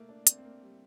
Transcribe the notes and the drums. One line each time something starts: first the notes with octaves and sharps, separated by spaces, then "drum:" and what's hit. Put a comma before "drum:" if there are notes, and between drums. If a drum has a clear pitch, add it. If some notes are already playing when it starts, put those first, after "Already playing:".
Already playing: A3 A#3
D4
C4, drum: hi-hat
C4
A#3
G3